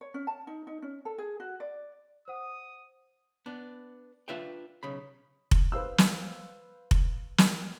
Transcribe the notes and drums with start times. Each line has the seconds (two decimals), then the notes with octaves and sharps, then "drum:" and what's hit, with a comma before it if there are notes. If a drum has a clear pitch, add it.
0.01 C#5
0.14 C#4
0.27 A5
0.47 D#4
0.67 D#4
0.82 C#4
1.05 A4
1.18 G#4
1.40 F#4
1.60 D5
2.28 C5 F#5 D#6
3.46 B3 D4
4.28 D4 F4 B4 E5 F5 G5
4.83 B1 C#3 B5
5.51 drum: kick F1
5.72 B4 C5 F5 E6
5.98 drum: snare
6.91 drum: kick F1
7.38 drum: snare